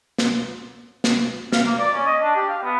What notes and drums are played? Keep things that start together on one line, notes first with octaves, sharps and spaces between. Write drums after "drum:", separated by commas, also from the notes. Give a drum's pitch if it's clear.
drum: snare
drum: snare
F5, drum: snare
A#3
D5
C#4
D#5
D4
G4
F5
B3